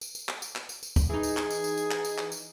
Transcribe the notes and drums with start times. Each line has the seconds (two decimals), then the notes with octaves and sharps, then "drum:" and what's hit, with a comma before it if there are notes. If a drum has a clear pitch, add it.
0.01 drum: tambourine
0.15 drum: tambourine
0.28 drum: clap
0.42 drum: tambourine
0.56 drum: clap
0.69 drum: tambourine
0.83 drum: tambourine
0.96 drum: kick, tambourine
1.10 E3 D#4 G#4
1.23 drum: tambourine
1.37 drum: clap
1.50 drum: tambourine
1.64 drum: tambourine
1.78 drum: tambourine
1.91 drum: clap
2.05 drum: tambourine
2.18 drum: clap
2.32 drum: tambourine